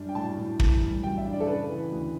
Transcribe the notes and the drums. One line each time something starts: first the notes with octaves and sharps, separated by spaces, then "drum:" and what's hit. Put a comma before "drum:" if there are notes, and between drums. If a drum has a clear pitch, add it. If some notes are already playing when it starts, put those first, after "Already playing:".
Already playing: F#2 G3 D4
G5
A2 A5
A2
E3, drum: kick
G3
F#2 G5
E5
D4
D5
A4
C#3 B4
E3
D2